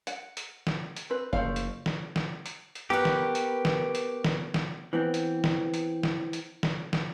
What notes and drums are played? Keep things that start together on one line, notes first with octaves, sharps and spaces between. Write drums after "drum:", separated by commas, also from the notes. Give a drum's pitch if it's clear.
F#5, drum: hi-hat
drum: hi-hat
drum: snare
drum: hi-hat
C4 B4
F#1 F3 A3 F5
drum: hi-hat
drum: snare
drum: snare
drum: hi-hat
drum: hi-hat
B3 G4 A#4 B4 C#6 F#6
drum: snare
drum: hi-hat
drum: snare
drum: hi-hat
drum: snare
drum: snare
E3 B3 C4
drum: hi-hat
drum: snare
drum: hi-hat
drum: snare
drum: hi-hat
drum: snare
drum: snare